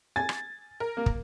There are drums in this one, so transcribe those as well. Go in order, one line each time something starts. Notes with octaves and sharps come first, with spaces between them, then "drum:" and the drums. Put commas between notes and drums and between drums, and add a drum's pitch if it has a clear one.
G#5 A6
drum: rim click
A#4
A#3
drum: kick